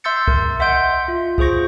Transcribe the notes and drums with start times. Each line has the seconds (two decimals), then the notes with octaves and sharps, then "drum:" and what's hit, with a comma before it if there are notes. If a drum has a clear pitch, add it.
0.04 E5 C6 E6 G6 A6 C#7
0.28 A#4, drum: kick C2
0.60 D#5 E5 F#5 C6 G6 D7
1.08 F4
1.38 F4 G#4 C5 C#6 A#6, drum: kick C2